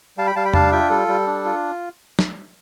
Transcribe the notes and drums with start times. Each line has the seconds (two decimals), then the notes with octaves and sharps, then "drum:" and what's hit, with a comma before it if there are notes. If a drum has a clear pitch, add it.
0.17 G3 F5 A5
0.27 G5 B5
0.35 G3 F5 A5
0.45 G5 B5
0.54 D4 F5 A5, drum: tom E2
0.72 F4 E5 G5
0.90 G3 A4
1.08 G3
1.27 D4
1.45 F4
2.19 drum: snare